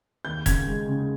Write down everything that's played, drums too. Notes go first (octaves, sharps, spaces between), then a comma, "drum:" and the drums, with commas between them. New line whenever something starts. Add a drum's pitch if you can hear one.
D#2 G6
C#3 G#6, drum: kick E1, hi-hat
G#3
C#3